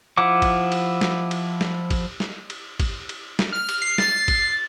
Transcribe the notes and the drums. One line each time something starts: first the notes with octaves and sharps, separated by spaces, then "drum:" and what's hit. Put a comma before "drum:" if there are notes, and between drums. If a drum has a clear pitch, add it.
F3 E4 F#5 D6
drum: kick G#1, cymbal
drum: cymbal
drum: snare
drum: cymbal
drum: snare
drum: kick G#1, cymbal
drum: snare
drum: cymbal
drum: kick G#1, cymbal
drum: cymbal
drum: snare
F6
drum: cymbal
C7
A6, drum: snare
drum: kick G#1, cymbal